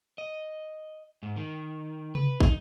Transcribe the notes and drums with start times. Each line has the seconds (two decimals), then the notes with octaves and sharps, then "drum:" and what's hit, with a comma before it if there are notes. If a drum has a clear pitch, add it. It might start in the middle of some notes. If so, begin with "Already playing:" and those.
0.18 D#5
1.23 G#2
1.36 D#3
2.15 B4, drum: tom C3
2.40 D#4, drum: kick